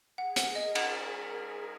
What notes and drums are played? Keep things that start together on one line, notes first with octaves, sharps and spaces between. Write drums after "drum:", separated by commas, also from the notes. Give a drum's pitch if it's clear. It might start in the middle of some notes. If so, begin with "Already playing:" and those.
G#4 F#5
F#5, drum: hi-hat
A#4 D#5
F#5, drum: cymbal